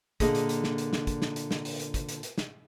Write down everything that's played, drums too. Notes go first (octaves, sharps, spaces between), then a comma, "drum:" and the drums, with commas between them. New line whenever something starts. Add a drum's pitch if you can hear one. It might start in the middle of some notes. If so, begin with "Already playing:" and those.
A#2 D3 A#3 G#4 D#5, drum: kick, hi-hat
drum: hi-hat
drum: hi-hat
drum: snare
drum: hi-hat
drum: snare
drum: kick, hi-hat
drum: snare
drum: hi-hat
drum: snare
drum: open hi-hat
drum: hi-hat
drum: kick, hi-hat
drum: hi-hat
drum: hi-hat
drum: snare